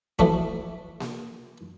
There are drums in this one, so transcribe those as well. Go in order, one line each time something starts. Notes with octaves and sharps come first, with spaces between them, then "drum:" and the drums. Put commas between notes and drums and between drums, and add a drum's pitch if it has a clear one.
E3 F3 A3 B3 D4 F#4, drum: kick
drum: snare A#3